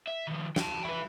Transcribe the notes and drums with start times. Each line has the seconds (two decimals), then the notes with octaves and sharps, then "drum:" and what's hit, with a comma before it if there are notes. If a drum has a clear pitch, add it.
0.07 E5
0.27 D#3 F3
0.56 G5 A5, drum: snare
0.85 E4 B4